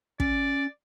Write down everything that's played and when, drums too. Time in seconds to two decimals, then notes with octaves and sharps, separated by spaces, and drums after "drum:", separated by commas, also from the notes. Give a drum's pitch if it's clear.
0.20 C#4 D5, drum: kick